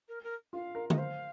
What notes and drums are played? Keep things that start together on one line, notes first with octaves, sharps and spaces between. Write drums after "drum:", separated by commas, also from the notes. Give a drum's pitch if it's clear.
A#4
A#4
F4 F5
A#4
D#5, drum: tom D3
C5 F5